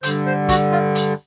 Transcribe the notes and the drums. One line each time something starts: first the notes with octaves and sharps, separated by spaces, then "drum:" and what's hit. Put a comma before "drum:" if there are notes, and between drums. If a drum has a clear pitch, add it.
G2 D3 C5, drum: hi-hat
C5
F#4, drum: kick, hi-hat
F4
drum: hi-hat